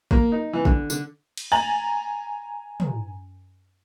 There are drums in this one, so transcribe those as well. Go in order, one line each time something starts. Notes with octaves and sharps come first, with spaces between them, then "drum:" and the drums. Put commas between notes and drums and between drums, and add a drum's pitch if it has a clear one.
A#3, drum: kick
D#4
E3
D3, drum: kick
D3, drum: tambourine
drum: cymbal
G#5 A#5 A6 F#7
drum: tom